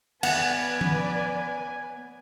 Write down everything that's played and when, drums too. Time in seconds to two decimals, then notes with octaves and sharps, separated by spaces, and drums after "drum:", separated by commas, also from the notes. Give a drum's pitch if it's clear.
0.23 B3 B4 C#5 D5 F#5 G#5, drum: cymbal
0.81 drum: tom F3